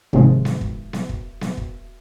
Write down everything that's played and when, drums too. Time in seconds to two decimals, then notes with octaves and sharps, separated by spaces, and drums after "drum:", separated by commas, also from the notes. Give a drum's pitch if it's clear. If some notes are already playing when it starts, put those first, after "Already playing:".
0.13 G#2 C3 D#3 F3 G#3, drum: kick
0.45 drum: snare B3
0.61 drum: kick
0.93 drum: snare B3
1.09 drum: kick
1.41 drum: snare B3
1.57 drum: kick